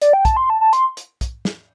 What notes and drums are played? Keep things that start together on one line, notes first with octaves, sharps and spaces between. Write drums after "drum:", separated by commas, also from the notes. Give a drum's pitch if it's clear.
D5, drum: hi-hat
G5
A5, drum: kick, hi-hat
C6
A5
A5
C6, drum: hi-hat
drum: hi-hat
drum: kick, hi-hat
drum: snare